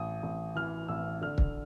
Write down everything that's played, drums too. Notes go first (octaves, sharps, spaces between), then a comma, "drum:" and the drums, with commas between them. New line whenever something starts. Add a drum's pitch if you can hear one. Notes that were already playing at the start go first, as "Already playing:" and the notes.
Already playing: A1 D#6
A1
E3 F6
A1 E6
D3 F6
drum: kick